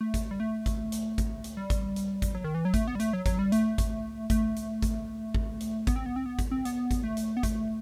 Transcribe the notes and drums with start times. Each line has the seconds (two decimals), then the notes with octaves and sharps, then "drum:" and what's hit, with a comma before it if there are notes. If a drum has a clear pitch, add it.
0.01 A3
0.14 drum: kick G#1, hi-hat
0.31 G3
0.40 A3
0.66 drum: kick G#1, hi-hat
0.92 drum: hi-hat
1.18 drum: kick G#1, hi-hat
1.44 drum: hi-hat
1.57 G3
1.70 drum: kick G#1, hi-hat
1.96 drum: hi-hat
2.22 drum: kick G#1, hi-hat
2.35 F#3
2.44 D#3
2.55 E3
2.65 F#3
2.74 A3, drum: kick G#1, hi-hat
2.88 B3
2.95 G3
3.00 A3, drum: hi-hat
3.13 F#3
3.26 F#3, drum: kick G#1, hi-hat
3.39 G3
3.52 A3, drum: hi-hat
3.78 drum: kick G#1, hi-hat
4.30 A3, drum: kick G#1, hi-hat
4.56 drum: hi-hat
4.82 drum: kick G#1, hi-hat
5.34 drum: kick G#1
5.61 drum: hi-hat
5.87 B3, drum: kick G#1, hi-hat
5.96 C4
6.06 B3
6.16 C4
6.26 B3
6.39 drum: kick G#1, hi-hat
6.51 C4
6.65 B3, drum: hi-hat
6.91 drum: kick G#1, hi-hat
7.04 A3
7.17 drum: hi-hat
7.37 B3
7.43 A3, drum: kick G#1, hi-hat